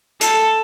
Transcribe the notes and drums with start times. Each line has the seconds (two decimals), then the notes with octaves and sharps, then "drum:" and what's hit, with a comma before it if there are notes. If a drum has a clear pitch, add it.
0.21 A4, drum: hi-hat